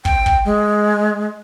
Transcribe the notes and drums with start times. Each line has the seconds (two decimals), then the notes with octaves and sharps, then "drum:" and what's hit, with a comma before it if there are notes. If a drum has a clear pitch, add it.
0.05 G5, drum: kick
0.26 drum: kick
0.45 G#3